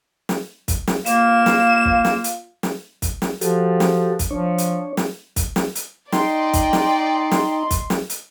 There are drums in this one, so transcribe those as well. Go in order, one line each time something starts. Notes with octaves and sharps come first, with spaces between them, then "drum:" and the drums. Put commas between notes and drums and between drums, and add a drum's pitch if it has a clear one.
drum: snare
drum: kick, hi-hat
drum: snare
A#3 F4 F5 E7, drum: hi-hat
drum: snare
drum: kick
drum: snare
drum: hi-hat
drum: snare
drum: kick, hi-hat
drum: snare
F3 F#4 G4 A4, drum: hi-hat
drum: snare
drum: kick, hi-hat
F3 D4 C#5
drum: hi-hat
drum: snare
drum: kick, hi-hat
drum: snare
drum: hi-hat
D#4 D5 D#5 G5 C6, drum: snare
drum: kick, hi-hat
drum: snare
drum: snare
drum: kick, hi-hat
drum: snare
drum: hi-hat